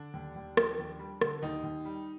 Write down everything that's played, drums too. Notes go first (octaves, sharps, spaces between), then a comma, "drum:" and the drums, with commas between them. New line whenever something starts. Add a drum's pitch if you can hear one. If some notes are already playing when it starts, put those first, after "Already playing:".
Already playing: D3 D4
D#2
D#2
F3, drum: rim click
D#2
G3
D3, drum: rim click
D#2 D#4
D#2
G3